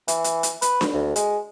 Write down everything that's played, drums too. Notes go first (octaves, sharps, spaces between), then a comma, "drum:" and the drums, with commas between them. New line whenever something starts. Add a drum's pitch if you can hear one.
E3, drum: hi-hat
drum: hi-hat
drum: hi-hat
B4, drum: hi-hat
drum: snare D4
D2
G#3, drum: hi-hat